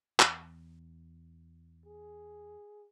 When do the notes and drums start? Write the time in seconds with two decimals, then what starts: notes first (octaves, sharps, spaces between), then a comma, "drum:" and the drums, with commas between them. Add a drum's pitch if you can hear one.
0.20 E2, drum: clap
1.86 G#4